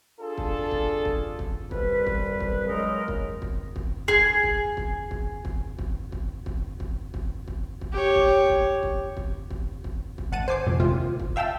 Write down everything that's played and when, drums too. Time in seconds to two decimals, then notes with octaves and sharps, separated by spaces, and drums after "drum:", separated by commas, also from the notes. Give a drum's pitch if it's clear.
0.21 D4 F4 G#4 A4
0.38 drum: kick
0.71 drum: kick
1.05 drum: kick
1.39 drum: kick
1.71 C2 G3 B4, drum: kick
2.07 drum: kick
2.40 drum: kick
2.66 C#3 F#3 G#3 D#4 A#4
3.08 drum: kick
3.42 drum: kick
3.76 drum: kick
4.08 G#4, drum: kick
4.43 drum: kick
4.77 drum: kick
5.11 drum: kick
5.45 drum: kick
5.79 drum: kick
6.12 drum: kick
6.46 drum: kick
6.80 drum: kick
7.14 drum: kick
7.48 drum: kick
7.81 drum: kick
7.93 G4 C#5
8.15 drum: kick
8.49 drum: kick
8.83 drum: kick
9.17 drum: kick
9.50 drum: kick
9.84 drum: kick
10.18 drum: kick
10.32 G#1 F#5 A5 D#7
10.48 C5 G#5 D6 C7
10.67 F2 A2 C3
10.80 G#1 D#2 C3 F4
11.19 drum: kick
11.36 E5 F5 G5 A5 E6